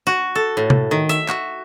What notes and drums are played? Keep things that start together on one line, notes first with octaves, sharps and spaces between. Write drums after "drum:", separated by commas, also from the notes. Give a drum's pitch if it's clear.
F#4
A4
A2
drum: tom C3
D#3
E5, drum: hi-hat
F#4, drum: clap